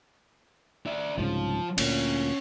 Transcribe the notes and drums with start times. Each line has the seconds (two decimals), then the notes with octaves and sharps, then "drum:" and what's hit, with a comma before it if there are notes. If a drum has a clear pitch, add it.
0.86 D4 E5
1.18 C2 G#2 C#3 F3
1.78 D2 A#2 C#4, drum: cymbal